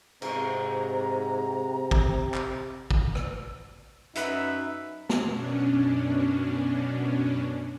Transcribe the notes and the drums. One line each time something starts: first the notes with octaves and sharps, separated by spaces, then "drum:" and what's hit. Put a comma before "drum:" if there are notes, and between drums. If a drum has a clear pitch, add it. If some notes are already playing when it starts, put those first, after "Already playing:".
G#2 C3 A#5, drum: cymbal
drum: kick
drum: clap
drum: kick
drum: rim click
F#2 D#4 B4 E5, drum: hi-hat
drum: snare
F#2 B2 C#4 D4